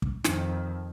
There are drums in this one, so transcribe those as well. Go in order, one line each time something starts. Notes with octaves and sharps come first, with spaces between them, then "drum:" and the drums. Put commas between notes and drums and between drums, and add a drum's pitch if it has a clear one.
drum: kick
F2 D#3, drum: snare